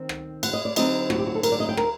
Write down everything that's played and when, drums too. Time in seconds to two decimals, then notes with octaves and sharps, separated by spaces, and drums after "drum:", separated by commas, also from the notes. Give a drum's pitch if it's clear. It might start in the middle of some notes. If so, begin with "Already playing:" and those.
Already playing: D#3 C4
0.09 drum: rim click
0.43 F#5, drum: cymbal
0.53 D#5
0.65 D5
0.76 D3 F#3 C4 D#4 D#5, drum: cymbal
1.10 F#4, drum: rim click
1.18 G4
1.27 F#4
1.35 A4
1.43 A#4, drum: cymbal
1.52 D5
1.60 D#5
1.69 G5
1.77 A#4, drum: rim click